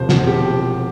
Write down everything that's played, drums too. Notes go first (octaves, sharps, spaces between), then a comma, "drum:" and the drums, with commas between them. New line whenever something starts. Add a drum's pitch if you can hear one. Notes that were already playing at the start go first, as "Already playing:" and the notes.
Already playing: E1 C3 F3 C5
E2, drum: snare
F3 G4